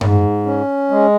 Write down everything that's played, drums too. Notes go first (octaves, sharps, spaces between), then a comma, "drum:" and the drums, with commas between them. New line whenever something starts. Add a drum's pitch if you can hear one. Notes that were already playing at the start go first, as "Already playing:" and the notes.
G#2, drum: tom G2
C#4
G#3